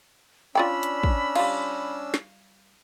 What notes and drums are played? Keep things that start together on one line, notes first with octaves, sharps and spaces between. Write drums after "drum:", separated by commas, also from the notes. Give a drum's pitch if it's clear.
C#4 D4 F4 D5 G5 B5 E6
drum: hi-hat
drum: kick
G3 F4, drum: cymbal
drum: snare